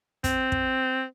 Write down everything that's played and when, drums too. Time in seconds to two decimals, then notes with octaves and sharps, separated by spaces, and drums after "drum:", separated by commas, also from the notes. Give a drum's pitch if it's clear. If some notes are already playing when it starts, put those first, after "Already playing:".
0.24 C4, drum: kick, hi-hat
0.52 drum: kick